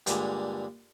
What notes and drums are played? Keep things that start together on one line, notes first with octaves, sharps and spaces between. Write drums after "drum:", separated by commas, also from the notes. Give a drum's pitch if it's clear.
G2 A#2 D3 G#3, drum: hi-hat